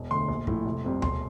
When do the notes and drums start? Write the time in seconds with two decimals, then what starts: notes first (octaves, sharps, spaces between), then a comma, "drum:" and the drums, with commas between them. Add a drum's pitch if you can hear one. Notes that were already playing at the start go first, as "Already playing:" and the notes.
Already playing: E1
0.11 D2 D3 C6
0.28 A#1
0.47 A2 F3, drum: kick
0.66 F1
0.84 F2 C3 G3
1.02 E1 C6, drum: tom D2